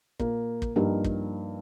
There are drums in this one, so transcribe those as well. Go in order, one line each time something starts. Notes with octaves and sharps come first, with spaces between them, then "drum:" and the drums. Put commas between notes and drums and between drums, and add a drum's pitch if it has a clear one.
A#2 A#3, drum: kick
drum: kick
G2 F3 G3 A#3 D#4 A#4
drum: kick